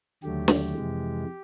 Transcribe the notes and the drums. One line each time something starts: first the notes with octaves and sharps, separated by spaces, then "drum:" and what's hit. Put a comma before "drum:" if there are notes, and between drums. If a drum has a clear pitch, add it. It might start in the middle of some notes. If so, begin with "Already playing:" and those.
D#2 D3 F#3 A3 G4
drum: snare
F2 C3 E3 G#3